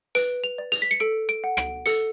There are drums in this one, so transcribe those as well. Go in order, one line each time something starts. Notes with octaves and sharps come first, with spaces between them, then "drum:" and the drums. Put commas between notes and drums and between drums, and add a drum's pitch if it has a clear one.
B4 D7, drum: hi-hat
F7
D5
F7, drum: hi-hat
B6
C#7
A4 D7
D7
F#5
D7, drum: rim click
A4 C#7, drum: hi-hat